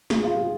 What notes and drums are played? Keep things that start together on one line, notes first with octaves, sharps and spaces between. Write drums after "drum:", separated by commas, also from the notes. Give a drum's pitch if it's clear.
G#4, drum: snare
F4
G#4